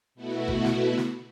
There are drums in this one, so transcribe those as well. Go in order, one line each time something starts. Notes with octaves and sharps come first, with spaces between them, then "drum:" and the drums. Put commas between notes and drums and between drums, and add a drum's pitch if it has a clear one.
B2 A3 B3 E4 F#4
drum: kick
drum: snare
drum: snare